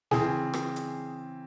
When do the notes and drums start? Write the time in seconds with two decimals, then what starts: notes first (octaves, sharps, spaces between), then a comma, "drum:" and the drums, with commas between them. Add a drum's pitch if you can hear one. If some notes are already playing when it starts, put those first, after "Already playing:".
0.11 C#3 E3 C4 G#4, drum: snare
0.53 drum: rim click
0.76 drum: hi-hat